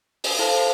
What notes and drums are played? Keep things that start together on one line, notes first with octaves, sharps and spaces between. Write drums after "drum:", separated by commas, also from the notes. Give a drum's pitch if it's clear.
drum: open hi-hat
E4 A4 C5 F5 A5